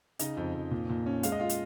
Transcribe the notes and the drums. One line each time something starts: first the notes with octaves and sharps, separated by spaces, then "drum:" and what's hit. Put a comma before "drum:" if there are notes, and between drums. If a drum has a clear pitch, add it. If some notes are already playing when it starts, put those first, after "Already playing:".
C#3 D#4 D#5, drum: hi-hat
F2
F2
A#2
A#2
C#4
G#3 F5, drum: hi-hat
D#5
F4 F5
drum: hi-hat